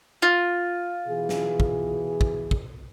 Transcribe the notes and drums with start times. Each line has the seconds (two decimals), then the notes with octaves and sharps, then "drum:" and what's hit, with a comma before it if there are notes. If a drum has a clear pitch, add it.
0.22 F4
1.08 B2 E3 G#4
1.29 drum: snare
1.60 drum: kick
2.21 drum: kick
2.51 drum: kick